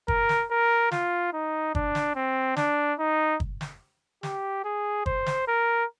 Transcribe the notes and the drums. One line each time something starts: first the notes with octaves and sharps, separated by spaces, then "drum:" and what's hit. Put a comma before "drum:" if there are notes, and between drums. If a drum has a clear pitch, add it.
A#4, drum: kick
drum: snare
A#4
F4, drum: snare
D#4
D4, drum: kick
drum: snare
C4
D4, drum: snare
D#4
drum: kick
drum: snare
G4, drum: snare
G#4
C5, drum: kick
drum: snare
A#4